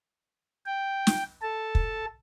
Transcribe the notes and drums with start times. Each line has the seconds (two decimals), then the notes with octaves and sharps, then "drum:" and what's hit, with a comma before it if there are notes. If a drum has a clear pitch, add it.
0.66 G5
1.07 drum: snare
1.42 A4 A5
1.75 drum: kick